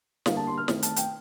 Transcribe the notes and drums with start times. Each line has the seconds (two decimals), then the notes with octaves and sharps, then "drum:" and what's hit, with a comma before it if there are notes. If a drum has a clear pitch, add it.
0.26 D3 G3 A#3 F5, drum: snare
0.37 A5
0.47 C6
0.58 F6
0.68 D#3 A3 C4, drum: snare
0.82 A5, drum: hi-hat
0.96 G5, drum: hi-hat